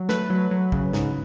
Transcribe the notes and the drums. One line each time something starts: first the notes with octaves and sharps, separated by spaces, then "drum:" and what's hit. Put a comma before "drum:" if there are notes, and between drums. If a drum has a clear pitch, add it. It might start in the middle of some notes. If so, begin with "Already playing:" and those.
Already playing: F#3
A3 B4, drum: snare
F#3
F#3
C#3, drum: kick
G#2, drum: snare